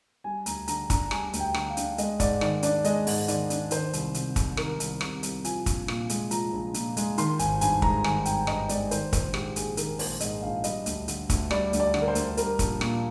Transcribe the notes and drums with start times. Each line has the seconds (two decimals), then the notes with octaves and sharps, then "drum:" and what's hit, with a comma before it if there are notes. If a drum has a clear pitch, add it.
0.24 G3 G#5
0.46 D2 A#5, drum: hi-hat
0.68 D3 A#5, drum: hi-hat
0.90 D4 A#5, drum: kick, hi-hat
1.11 G3 G#5, drum: rim click
1.33 D2, drum: hi-hat
1.40 G5
1.54 D3, drum: rim click
1.70 F5
1.77 D4, drum: hi-hat
1.98 G#3 D#5, drum: hi-hat
2.20 G#2 D5, drum: kick, hi-hat
2.41 D#3 D5, drum: rim click
2.63 D4 D5, drum: hi-hat
2.84 G#3 D#5, drum: hi-hat
3.07 G#2, drum: open hi-hat
3.28 D#3 D5, drum: hi-hat
3.50 D4, drum: hi-hat
3.71 D#3 C5, drum: hi-hat
3.93 C2, drum: hi-hat
4.14 C3, drum: hi-hat
4.36 C2, drum: kick, hi-hat
4.57 D#3 A#4, drum: rim click
4.80 C2, drum: hi-hat
5.01 C3, drum: rim click
5.23 C2, drum: hi-hat
5.44 F3 G#5, drum: hi-hat
5.66 A#1, drum: kick, hi-hat
5.88 A#2, drum: rim click
6.09 G#3, drum: hi-hat
6.31 F3 A#5, drum: hi-hat
6.53 A#1
6.74 A#2, drum: hi-hat
6.97 G#3, drum: hi-hat
7.18 D#3 C6, drum: hi-hat
7.39 G#1 G#5, drum: hi-hat
7.61 G2 G#5, drum: hi-hat
7.82 G#3 A#5, drum: kick
8.04 D#3 G#5, drum: rim click
8.25 G#1 G5, drum: hi-hat
8.47 G2 D#5, drum: rim click
8.69 G#3 D5, drum: hi-hat
8.91 D#3 C5, drum: hi-hat
9.13 A#1 C5, drum: kick, hi-hat
9.34 G#2 G4, drum: rim click
9.56 A#1 G#4, drum: hi-hat
9.77 D#3 A#4, drum: hi-hat
9.99 A#1 C5, drum: open hi-hat
10.20 G#2 D#5, drum: hi-hat
10.42 A#1 F5
10.64 G3 D#5, drum: hi-hat
10.86 D2, drum: hi-hat
11.08 D3, drum: hi-hat
11.30 D2, drum: kick, hi-hat
11.51 G3 D5, drum: rim click
11.73 D2, drum: hi-hat
11.80 D5
11.94 D3, drum: rim click
12.02 A#4
12.08 C5
12.15 D2, drum: hi-hat
12.37 G3 A#4, drum: hi-hat
12.59 A#1, drum: kick, hi-hat
12.81 A#2, drum: rim click